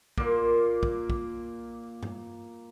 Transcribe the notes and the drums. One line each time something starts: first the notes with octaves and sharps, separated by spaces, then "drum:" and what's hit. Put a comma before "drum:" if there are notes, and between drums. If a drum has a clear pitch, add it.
A#2 A#3, drum: kick
drum: kick
drum: kick
drum: tom G2